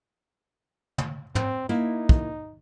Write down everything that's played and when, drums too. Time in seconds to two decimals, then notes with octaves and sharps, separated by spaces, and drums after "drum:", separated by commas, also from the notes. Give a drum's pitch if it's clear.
0.98 drum: tom
1.35 C4, drum: tom
1.69 A#3 D#4 E4
2.09 drum: kick